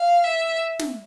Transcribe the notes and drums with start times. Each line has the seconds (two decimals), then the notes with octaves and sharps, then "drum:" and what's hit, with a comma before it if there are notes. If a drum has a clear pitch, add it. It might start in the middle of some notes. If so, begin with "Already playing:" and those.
Already playing: F5
0.24 E5
0.79 drum: snare